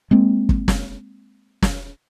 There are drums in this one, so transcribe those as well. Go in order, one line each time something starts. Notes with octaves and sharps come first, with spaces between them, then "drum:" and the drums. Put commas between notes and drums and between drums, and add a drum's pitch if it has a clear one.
G#3 A#3 C4
drum: kick
drum: snare
drum: snare